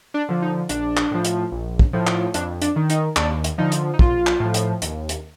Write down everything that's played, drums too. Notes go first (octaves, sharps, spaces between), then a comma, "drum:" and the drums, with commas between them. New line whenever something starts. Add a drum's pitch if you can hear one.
D4
D3 F3
D#4
A#1 D4, drum: hi-hat
drum: clap
A2 F3
drum: hi-hat
A#1
drum: kick
A2 F3
drum: clap
F2 D4, drum: hi-hat
D4, drum: hi-hat
D#3
D#4, drum: hi-hat
D#2 D4, drum: clap
drum: hi-hat
D3 F3 D#4
drum: hi-hat
D#4
A#1 F4, drum: kick
drum: clap
A2 F3
drum: hi-hat
D#2, drum: hi-hat
drum: hi-hat